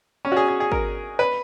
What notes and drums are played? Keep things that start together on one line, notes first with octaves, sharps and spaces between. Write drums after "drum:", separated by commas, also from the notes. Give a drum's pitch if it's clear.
C#4
F#4
G#4
G#4
G#4
A#4, drum: kick
B4